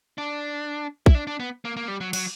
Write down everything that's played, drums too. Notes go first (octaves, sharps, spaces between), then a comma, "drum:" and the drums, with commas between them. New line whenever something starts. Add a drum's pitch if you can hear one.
D4
E4, drum: kick
D4
D4
B3
A#3
A#3
G3
F#3
F#3, drum: cymbal